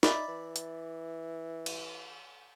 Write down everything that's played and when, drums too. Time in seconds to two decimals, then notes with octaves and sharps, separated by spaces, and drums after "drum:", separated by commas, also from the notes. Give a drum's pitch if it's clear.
0.03 D#4 D5 E5 B5, drum: snare
0.28 E3
0.56 drum: hi-hat
1.66 drum: cymbal